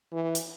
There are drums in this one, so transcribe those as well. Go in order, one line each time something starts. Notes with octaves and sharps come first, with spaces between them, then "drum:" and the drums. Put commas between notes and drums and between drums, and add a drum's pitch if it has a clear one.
E3
drum: hi-hat